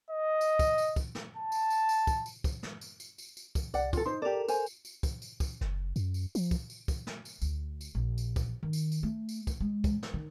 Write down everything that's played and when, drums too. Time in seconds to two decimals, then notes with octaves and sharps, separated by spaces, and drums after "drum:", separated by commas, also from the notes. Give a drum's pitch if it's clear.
0.11 D#5
0.41 drum: tambourine
0.59 drum: kick, tambourine
0.78 drum: tambourine
0.96 drum: kick, tambourine
1.15 drum: snare
1.37 A5
1.52 drum: tambourine
1.70 drum: tambourine
1.89 drum: tambourine
2.07 drum: kick, tambourine
2.26 drum: tambourine
2.44 drum: kick, tambourine
2.63 drum: snare
2.81 drum: tambourine
3.00 drum: tambourine
3.18 drum: tambourine
3.37 drum: tambourine
3.55 drum: kick, tambourine
3.74 C2 D5 F#5, drum: tambourine
3.93 F4 A4, drum: kick, tambourine
4.06 D#4 C5 C6
4.22 G4 A4 A#4 D5
4.48 C5 G#5, drum: tambourine
4.66 drum: tambourine
4.85 drum: tambourine
5.03 drum: kick, tambourine
5.22 drum: tambourine
5.40 drum: kick, tambourine
5.61 F#1, drum: snare
5.96 F#2, drum: tambourine
6.14 drum: tambourine
6.35 F3, drum: tambourine
6.51 drum: kick, tambourine
6.70 drum: tambourine
6.88 drum: kick, tambourine
7.07 drum: snare
7.25 drum: tambourine
7.41 D2, drum: tambourine
7.81 drum: tambourine
7.95 A#1
8.18 drum: tambourine
8.36 drum: kick, tambourine
8.63 D#3
8.73 drum: tambourine
8.92 drum: tambourine
9.03 A3
9.29 drum: tambourine
9.47 drum: kick, tambourine
9.60 G#3
9.84 drum: kick, tambourine
10.03 drum: snare
10.14 D#3